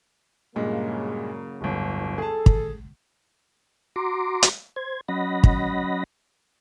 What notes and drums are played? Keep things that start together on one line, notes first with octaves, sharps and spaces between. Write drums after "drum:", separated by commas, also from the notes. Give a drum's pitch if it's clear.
G2 A#2 C#3 F#3 G#3 A#3
D1 G1
G#4 A4 A5
drum: kick
F#4 A#5 C6 D6
drum: hi-hat
C5 G#6
F#3 C#4 D#5 F#5 B5 A#6
drum: kick